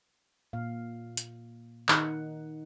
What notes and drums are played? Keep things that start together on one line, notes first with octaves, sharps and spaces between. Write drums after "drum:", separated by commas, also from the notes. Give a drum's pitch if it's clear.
A#2 F5
drum: hi-hat
D#3 D#4 F#5, drum: clap